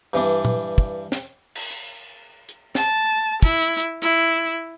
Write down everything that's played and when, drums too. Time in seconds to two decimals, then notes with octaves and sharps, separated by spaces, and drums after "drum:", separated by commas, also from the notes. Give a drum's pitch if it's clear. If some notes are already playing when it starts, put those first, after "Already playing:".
0.13 G2 E3 D4, drum: open hi-hat
0.45 drum: tom A#2
0.78 drum: kick
1.12 drum: snare
1.55 drum: cymbal
1.71 drum: hi-hat
2.49 drum: hi-hat
2.75 A5, drum: snare
3.43 E4, drum: kick
3.80 drum: hi-hat
4.02 E4, drum: hi-hat